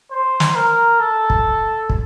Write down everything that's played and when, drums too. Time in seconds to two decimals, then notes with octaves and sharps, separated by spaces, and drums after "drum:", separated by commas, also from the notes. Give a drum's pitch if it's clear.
0.11 C5
0.40 drum: snare
0.55 A#4
0.99 A4
1.30 drum: kick
1.90 drum: kick